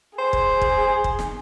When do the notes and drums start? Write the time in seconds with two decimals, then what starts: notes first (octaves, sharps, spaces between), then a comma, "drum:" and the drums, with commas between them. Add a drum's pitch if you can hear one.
0.19 G#4 C5
0.33 drum: kick
0.62 drum: kick
1.04 drum: kick
1.19 drum: snare